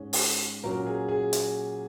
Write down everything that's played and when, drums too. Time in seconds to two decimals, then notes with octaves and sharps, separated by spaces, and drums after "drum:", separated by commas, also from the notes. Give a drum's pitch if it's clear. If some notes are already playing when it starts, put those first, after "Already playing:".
Already playing: G#2 G#3 C#4
0.13 drum: open hi-hat
0.63 A#2 F#3 C#4 A#4
0.87 G#4
1.09 G#4
1.33 drum: hi-hat